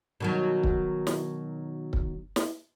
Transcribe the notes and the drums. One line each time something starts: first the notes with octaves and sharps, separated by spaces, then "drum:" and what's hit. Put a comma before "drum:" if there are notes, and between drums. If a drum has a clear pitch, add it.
B2 D#3 F#3
drum: kick C#1
drum: snare
drum: kick C#1
drum: snare